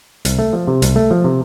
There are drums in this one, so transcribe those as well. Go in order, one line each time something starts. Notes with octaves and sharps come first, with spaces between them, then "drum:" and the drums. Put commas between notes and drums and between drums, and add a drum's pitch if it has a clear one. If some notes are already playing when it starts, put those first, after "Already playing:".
C2, drum: hi-hat
A3
F3
C3
C2, drum: hi-hat
A3
F3
C3